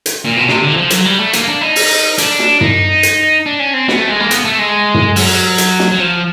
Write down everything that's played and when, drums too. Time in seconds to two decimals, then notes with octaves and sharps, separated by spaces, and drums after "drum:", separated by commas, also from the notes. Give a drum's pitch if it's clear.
0.06 drum: hi-hat
0.25 A#2
0.37 B2
0.48 C3, drum: snare
0.62 D3
0.71 E3
0.76 F3
0.90 F#3, drum: hi-hat
1.05 G3
1.19 A3
1.33 A#3, drum: hi-hat
1.48 D4
1.61 D#4
1.76 drum: open hi-hat
2.18 D4, drum: hi-hat
2.39 drum: snare
2.61 D#4, drum: tom
3.03 drum: hi-hat
3.46 D4
3.60 C#4
3.74 C4
3.88 B3, drum: snare
3.98 A3
4.09 G#3
4.20 A#3
4.31 B3, drum: hi-hat
4.45 A3
4.59 G#3
4.94 drum: tom
5.16 F#3, drum: open hi-hat
5.58 drum: hi-hat
5.79 drum: snare
5.91 F#3
6.00 F3